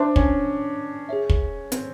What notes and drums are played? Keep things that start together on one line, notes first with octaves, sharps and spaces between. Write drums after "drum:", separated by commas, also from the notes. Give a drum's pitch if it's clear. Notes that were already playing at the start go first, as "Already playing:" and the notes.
Already playing: D4 C5 E5 A5 C6
C#4, drum: kick
G#4 C#5 E5
drum: kick
C4, drum: hi-hat